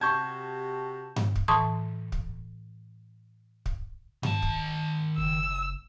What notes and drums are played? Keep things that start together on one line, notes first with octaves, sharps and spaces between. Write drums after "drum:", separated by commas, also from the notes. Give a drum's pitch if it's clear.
C3 F#4 G4 A5 C#6 G6 G#6
drum: tom G2
drum: kick
A2 E3 A5 C6 D#6
drum: kick
drum: kick
D#3 A5, drum: tom G2
drum: kick
F#1 E6